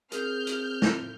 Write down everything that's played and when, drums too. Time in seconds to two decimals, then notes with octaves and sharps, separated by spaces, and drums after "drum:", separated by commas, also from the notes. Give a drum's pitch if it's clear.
0.12 C4 G#4 A#4 F6 G6, drum: hi-hat
0.47 drum: hi-hat
0.82 drum: snare